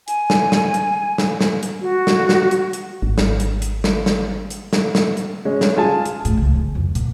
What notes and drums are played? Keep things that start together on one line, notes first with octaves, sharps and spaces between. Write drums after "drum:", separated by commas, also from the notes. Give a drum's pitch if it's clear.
G#5, drum: hi-hat
drum: snare
drum: snare
drum: hi-hat
drum: snare
drum: snare
drum: hi-hat
F#4
drum: snare
drum: snare
drum: hi-hat
drum: hi-hat
G#1
drum: snare
drum: hi-hat
drum: hi-hat
drum: snare
drum: snare
drum: hi-hat
drum: snare
drum: snare
drum: hi-hat
G#3 C#4
drum: snare
F4 G#4 G#5 A5
drum: hi-hat
A2, drum: hi-hat
C#2
D#3
F2
A#2, drum: hi-hat